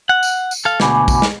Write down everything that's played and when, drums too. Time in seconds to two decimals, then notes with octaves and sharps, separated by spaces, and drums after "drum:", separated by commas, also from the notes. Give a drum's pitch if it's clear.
0.09 F#5
0.23 drum: tambourine
0.51 drum: tambourine
0.65 A4 F5
0.80 D2 B2 G#5 B5 D6, drum: snare
1.08 drum: kick, tambourine
1.22 drum: snare